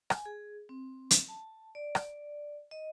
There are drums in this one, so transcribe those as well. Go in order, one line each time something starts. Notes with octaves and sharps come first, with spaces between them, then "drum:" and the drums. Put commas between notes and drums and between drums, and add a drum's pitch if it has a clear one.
G#5, drum: rim click
G#4
C4
drum: hi-hat
A5
D5
drum: rim click
D#5